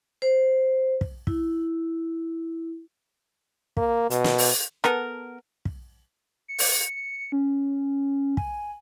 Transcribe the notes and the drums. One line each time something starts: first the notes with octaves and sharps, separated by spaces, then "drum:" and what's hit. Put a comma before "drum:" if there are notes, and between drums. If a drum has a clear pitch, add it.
C5
drum: kick
E4, drum: kick
A#3, drum: kick
B2, drum: hi-hat
drum: snare
drum: open hi-hat
B3 A4 A#4, drum: rim click
drum: kick
C#7
drum: open hi-hat
C#4
G#5, drum: kick